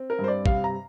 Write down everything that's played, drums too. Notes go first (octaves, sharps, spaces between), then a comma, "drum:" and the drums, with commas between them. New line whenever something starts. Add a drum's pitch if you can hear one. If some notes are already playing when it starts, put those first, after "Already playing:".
Already playing: C4
A#4
G2
C5
D5
C3 F5, drum: kick
A#5